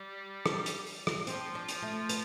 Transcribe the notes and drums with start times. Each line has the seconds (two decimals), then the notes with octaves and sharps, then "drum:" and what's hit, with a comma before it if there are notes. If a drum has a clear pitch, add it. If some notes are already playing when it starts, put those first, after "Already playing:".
Already playing: G3 G4
0.46 drum: rim click
0.66 drum: hi-hat
0.87 drum: open hi-hat
1.07 drum: rim click
1.27 F3 C4 F4, drum: hi-hat
1.55 D4
1.68 drum: hi-hat
1.82 A3
2.09 B3, drum: hi-hat